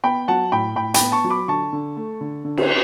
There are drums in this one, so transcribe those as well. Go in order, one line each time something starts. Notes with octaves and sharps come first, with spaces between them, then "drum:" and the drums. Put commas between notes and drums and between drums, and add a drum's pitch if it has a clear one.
B3 G5 B5
F#3 F#5 A5
A2 G5 B5
A2 G5 B5
G5 B5, drum: hi-hat
B3
A5 C#6
F#3
B5 D6
D3 A5 C#6
D3
A3
D3
D3
drum: cymbal